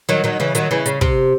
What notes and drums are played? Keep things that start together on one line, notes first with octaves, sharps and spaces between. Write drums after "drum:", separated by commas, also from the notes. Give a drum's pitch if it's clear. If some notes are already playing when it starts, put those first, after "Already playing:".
D#3 F#3
D#3 F#3
C#3 E3
D#3 F#3, drum: hi-hat
C#3 E3
C#3, drum: hi-hat
C3, drum: kick